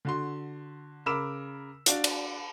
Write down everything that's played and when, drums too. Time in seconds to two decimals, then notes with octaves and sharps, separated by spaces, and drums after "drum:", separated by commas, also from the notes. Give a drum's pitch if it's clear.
0.05 D3 F#4 C6
1.06 C#3 A#4 B5 D6 E6 E7
1.86 D4 F#4 D5 F5, drum: hi-hat
2.04 drum: cymbal